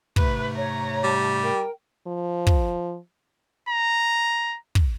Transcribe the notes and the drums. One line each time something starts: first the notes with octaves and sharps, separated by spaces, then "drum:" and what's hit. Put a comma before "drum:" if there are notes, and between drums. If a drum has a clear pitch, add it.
G#2 C3 A3 B4, drum: kick
C#5 A#5
G3
A#4 G5
F3
drum: kick
A#5
drum: kick